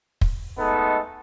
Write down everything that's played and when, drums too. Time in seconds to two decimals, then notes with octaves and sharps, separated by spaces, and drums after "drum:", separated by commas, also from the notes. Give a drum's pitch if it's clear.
0.21 drum: kick
0.58 G#3 A3 B3 D#4 A4